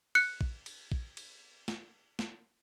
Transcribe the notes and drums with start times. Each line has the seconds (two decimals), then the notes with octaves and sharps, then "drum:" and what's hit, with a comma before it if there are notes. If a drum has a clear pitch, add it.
0.15 F#6 C#7, drum: cymbal
0.41 drum: kick A#1
0.66 drum: cymbal
0.92 drum: kick A#1
1.17 drum: cymbal
1.68 drum: snare
2.19 drum: snare